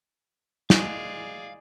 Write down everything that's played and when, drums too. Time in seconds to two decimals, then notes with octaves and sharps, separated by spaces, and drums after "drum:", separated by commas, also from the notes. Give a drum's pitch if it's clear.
0.70 G#3 G#4 D5 F5, drum: snare